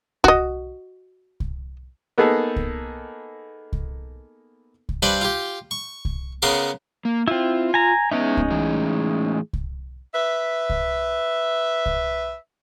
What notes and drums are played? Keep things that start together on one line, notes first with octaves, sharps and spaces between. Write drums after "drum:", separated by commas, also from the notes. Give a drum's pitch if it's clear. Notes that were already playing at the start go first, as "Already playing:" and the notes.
F#4 D#5, drum: kick C2
drum: kick C2
A#3 B3 D#4 G#4 A4
drum: kick C2
drum: kick C2
drum: kick C2
G2 B4 C5 D5 G5 B5
F4 G4
C#6
drum: kick C2
C#3 B3 A#4 C6 D6
A#3
C4 E4 F4
G#5 A#5
G#3 B3 C#4 D#4 B4 E5
drum: kick C2
A2 E3 G#4
drum: kick C2
B4 E5
drum: kick C2
drum: kick C2